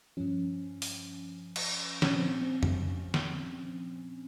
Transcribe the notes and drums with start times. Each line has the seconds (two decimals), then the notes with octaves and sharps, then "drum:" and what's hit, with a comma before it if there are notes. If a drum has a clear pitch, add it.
0.17 G2 F3 C#4
0.82 drum: open hi-hat
1.56 drum: cymbal
2.02 A#2 F3 C#4, drum: snare
2.16 C4
2.42 C4
2.63 drum: tom F2
3.14 drum: snare